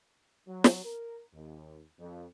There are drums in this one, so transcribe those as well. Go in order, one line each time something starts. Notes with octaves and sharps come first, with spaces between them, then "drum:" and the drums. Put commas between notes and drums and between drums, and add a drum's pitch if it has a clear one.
F#3
drum: snare
A#4
D#2
F2